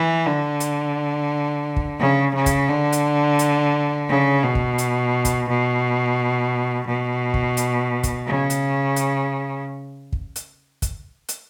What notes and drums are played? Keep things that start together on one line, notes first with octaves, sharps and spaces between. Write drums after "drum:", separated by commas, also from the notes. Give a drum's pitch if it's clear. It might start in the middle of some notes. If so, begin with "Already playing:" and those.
Already playing: E3
D3
drum: hi-hat
drum: kick
C#3
C#3
drum: kick, hi-hat
D3
drum: hi-hat
drum: hi-hat
C#3
B2
drum: kick
drum: hi-hat
drum: kick, hi-hat
B2
B2
drum: kick
drum: hi-hat
drum: kick, hi-hat
C#3
drum: hi-hat
drum: hi-hat
drum: kick
drum: hi-hat
drum: kick, hi-hat
drum: hi-hat